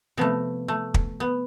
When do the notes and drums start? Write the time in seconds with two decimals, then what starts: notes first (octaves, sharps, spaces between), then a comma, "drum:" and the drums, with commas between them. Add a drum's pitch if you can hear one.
0.17 C3 F3 A3 B3
0.68 A3
0.94 drum: kick
1.20 B3